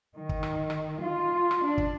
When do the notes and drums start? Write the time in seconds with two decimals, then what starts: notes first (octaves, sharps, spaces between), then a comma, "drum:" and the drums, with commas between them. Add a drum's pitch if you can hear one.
0.16 D#3
0.29 drum: kick
0.43 drum: rim click
0.70 drum: rim click
1.01 F4
1.51 drum: rim click
1.64 D4
1.78 drum: kick